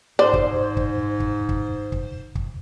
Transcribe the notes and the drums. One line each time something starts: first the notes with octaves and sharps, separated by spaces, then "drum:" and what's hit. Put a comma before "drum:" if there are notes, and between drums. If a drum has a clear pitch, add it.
G#2 C5 D5
drum: kick
drum: kick
drum: kick
drum: kick
drum: kick
drum: kick